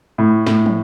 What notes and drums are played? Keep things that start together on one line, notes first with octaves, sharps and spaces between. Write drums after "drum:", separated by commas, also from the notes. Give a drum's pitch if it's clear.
A2
A2, drum: snare
drum: tom